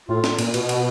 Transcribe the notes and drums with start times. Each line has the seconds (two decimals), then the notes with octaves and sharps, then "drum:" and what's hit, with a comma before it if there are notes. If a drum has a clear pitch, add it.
0.09 A2 F4
0.24 drum: snare
0.39 A#2, drum: cymbal
0.54 B2, drum: cymbal
0.69 drum: cymbal